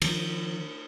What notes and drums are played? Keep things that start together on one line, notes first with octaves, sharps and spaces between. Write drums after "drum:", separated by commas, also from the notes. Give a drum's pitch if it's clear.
D#3 F3, drum: cymbal